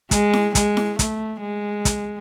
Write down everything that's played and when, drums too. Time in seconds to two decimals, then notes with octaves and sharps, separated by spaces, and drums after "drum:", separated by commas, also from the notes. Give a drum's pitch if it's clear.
0.11 G#3, drum: kick, hi-hat
0.33 drum: snare E4
0.55 G#3, drum: kick, hi-hat
0.77 drum: snare E4
0.99 A3, drum: kick, hi-hat
1.41 G#3
1.85 drum: kick, hi-hat